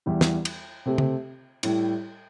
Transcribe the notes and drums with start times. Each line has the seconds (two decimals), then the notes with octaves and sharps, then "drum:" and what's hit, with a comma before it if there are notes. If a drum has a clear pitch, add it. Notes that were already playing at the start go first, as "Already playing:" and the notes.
0.06 E2 E3 G3 E4
0.21 drum: snare
0.45 drum: cymbal
0.86 C3 A3 C4 G4
0.98 drum: tom
1.63 A2 G3 E4, drum: cymbal